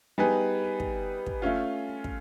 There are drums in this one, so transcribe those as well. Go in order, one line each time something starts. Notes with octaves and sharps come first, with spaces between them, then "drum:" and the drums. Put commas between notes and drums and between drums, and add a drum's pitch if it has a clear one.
G3 B3 D#4 G#4 B4
drum: kick
drum: kick
A3 C#4 F4
drum: kick